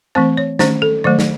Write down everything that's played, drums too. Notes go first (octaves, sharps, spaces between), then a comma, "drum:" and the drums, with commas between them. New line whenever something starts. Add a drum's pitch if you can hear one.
E3 A3 C4 C5
C#5
D#3 A3 C#4 C5, drum: snare
A4
D#3 F#3 A3 C5
drum: snare